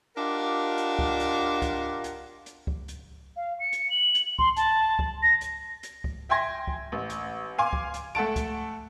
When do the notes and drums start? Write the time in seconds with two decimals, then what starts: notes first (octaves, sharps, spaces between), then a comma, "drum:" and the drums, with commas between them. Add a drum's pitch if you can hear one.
0.16 D4 F4 G4 A#4 D#5 F#5
0.78 drum: hi-hat
0.99 drum: kick
1.20 drum: hi-hat
1.62 drum: kick, hi-hat
2.04 drum: hi-hat
2.46 drum: hi-hat
2.67 drum: kick
2.88 drum: hi-hat
3.37 F5
3.60 C#7
3.73 drum: hi-hat
3.90 F#7
4.15 drum: hi-hat
4.39 C6, drum: kick
4.56 A5, drum: hi-hat
4.99 drum: kick
5.23 A#6
5.41 drum: hi-hat
5.83 drum: hi-hat
6.04 drum: kick
6.29 E5 G5 G#5 C6 G#6 A#6
6.67 drum: kick
6.92 A1
7.10 drum: hi-hat
7.58 F5 G#5 C6 D6
7.73 drum: kick
7.94 drum: hi-hat
8.15 A3 A4 F#5 A5 D7
8.36 drum: kick, hi-hat